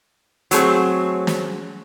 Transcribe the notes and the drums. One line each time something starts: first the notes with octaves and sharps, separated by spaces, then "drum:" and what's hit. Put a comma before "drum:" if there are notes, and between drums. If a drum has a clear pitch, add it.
F#3 A3 C4 G#4, drum: hi-hat
drum: snare